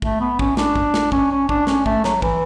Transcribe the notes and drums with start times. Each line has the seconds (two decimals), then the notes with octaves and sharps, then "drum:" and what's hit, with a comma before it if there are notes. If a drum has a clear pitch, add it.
0.02 A3, drum: kick
0.20 B3
0.39 C#4, drum: kick
0.57 D4, drum: snare
0.76 drum: kick
0.94 drum: snare
1.12 C#4, drum: kick
1.31 C#4
1.49 D4, drum: kick
1.67 C#4, drum: snare
1.86 A3, drum: kick
2.04 F#3, drum: snare
2.22 E3, drum: kick